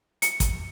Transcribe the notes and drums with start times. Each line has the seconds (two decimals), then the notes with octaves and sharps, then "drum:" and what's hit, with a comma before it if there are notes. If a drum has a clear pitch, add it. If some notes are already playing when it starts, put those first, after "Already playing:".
0.22 C#7, drum: hi-hat
0.40 drum: kick, hi-hat